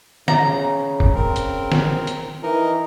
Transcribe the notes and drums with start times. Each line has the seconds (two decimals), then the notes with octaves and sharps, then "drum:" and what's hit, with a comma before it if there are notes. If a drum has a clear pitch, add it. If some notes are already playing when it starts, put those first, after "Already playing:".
0.28 C#3 A#5, drum: snare D#3
1.00 drum: kick
1.15 C#3 C4 A#4
1.36 drum: hi-hat
1.72 drum: snare D#3
2.07 drum: hi-hat
2.43 E3 D#4 A#4 D#5